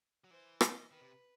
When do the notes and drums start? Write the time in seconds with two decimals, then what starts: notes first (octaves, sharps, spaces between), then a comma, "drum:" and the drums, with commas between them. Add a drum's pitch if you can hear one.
0.24 F#3
0.31 E3 C5
0.61 D#5, drum: rim click
0.91 D#3 B4
1.02 C3